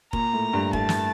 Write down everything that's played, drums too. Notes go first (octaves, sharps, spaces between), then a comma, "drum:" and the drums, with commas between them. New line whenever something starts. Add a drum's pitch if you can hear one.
A#2 A#5, drum: kick F1
A2
G2
A2 A5, drum: kick F1
drum: snare